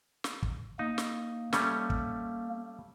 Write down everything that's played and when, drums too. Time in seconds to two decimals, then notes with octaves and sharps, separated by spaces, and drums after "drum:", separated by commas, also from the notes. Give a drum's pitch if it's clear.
0.24 drum: snare
0.43 drum: kick
0.79 A#3 D#4
0.98 drum: snare
1.53 G3 A3 C#4, drum: snare
1.90 drum: kick